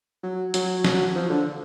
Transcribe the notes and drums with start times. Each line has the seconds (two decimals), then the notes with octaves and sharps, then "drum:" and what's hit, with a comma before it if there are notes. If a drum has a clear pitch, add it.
0.23 F#3
0.54 F#3, drum: hi-hat
0.84 F#3, drum: snare
1.15 F3
1.30 D3